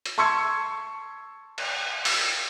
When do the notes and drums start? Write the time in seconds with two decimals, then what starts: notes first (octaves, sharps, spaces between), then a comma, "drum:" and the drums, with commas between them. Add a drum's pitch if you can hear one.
0.06 drum: hi-hat
0.18 A5 C6 C#6 E6 G#6 C#7
1.58 drum: cymbal
2.05 drum: open hi-hat